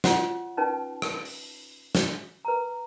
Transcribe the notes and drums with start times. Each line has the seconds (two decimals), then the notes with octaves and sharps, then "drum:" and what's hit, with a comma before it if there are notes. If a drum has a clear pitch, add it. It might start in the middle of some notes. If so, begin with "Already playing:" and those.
0.04 F4 C#5 F#5 C6, drum: snare
0.57 C#4 D#4 B4 A5
1.02 drum: rim click
1.25 drum: open hi-hat
1.95 drum: snare
2.45 B4 A#5